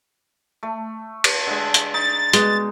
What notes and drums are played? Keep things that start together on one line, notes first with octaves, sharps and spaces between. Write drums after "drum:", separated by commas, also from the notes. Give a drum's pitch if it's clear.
A3
drum: cymbal
D3 G#3
drum: hi-hat
D#4 A6
B2 G#3, drum: hi-hat